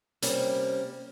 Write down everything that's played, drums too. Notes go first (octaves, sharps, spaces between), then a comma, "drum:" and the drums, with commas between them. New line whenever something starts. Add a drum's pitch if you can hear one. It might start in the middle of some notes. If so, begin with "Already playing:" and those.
C3 G3 A#3 C4 C#4, drum: hi-hat